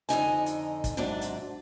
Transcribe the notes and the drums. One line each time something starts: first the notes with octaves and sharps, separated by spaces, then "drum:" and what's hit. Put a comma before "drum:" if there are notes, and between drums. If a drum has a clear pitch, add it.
F2 D3 D#4 G#5, drum: hi-hat
drum: hi-hat
drum: kick, hi-hat
G#2 C3 F#3 D4 D5
drum: hi-hat